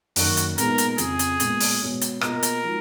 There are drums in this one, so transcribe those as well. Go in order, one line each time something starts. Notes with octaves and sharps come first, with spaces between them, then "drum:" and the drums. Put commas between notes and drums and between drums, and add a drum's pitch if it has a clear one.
F#2 D#3 A#3 F#4, drum: open hi-hat
drum: hi-hat
A#2 G#3 B3 D#4 G#4 A#4, drum: hi-hat
drum: hi-hat
F2 C#3 F3 G#4, drum: hi-hat
drum: hi-hat
A#2 G#3 B3, drum: hi-hat
drum: open hi-hat
B2 G#3 B3 F#4 C#5
drum: hi-hat
B2 A#3 F4 G#4 A#4 D#5, drum: rim click
drum: hi-hat
F3 G#3 D#4 F#4